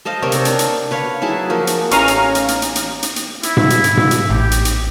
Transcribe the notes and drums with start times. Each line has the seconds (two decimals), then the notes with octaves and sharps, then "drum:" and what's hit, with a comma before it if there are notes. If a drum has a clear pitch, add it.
0.05 A4 C5 D#5 F5
0.22 C3 A#4 C#5 D5
0.32 drum: hi-hat
0.45 D4, drum: hi-hat
0.59 drum: hi-hat
0.91 B4 C#5 F5 F#5
1.21 F#3 E4 G#4 A5
1.50 F3 A#3 F#4
1.67 drum: hi-hat
1.91 A1 C#4 F5 G#5 A#5 F6, drum: hi-hat
2.08 drum: hi-hat
2.35 drum: hi-hat
2.48 drum: hi-hat
2.62 drum: hi-hat
2.75 drum: hi-hat
3.03 drum: hi-hat
3.16 drum: hi-hat
3.43 E4, drum: hi-hat
3.57 drum: tom G#2
3.70 drum: hi-hat
3.84 drum: hi-hat
3.97 drum: tom G#2
4.11 drum: hi-hat
4.30 A1 G4
4.51 drum: hi-hat
4.65 drum: hi-hat